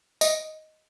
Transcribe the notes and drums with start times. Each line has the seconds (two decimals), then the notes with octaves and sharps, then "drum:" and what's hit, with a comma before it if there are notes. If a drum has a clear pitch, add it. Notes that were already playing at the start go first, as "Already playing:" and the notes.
0.21 D#5, drum: tambourine